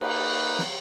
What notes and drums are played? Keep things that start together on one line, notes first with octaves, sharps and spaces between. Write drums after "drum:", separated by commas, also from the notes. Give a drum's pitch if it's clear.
A#3 D#4 B4, drum: cymbal
drum: snare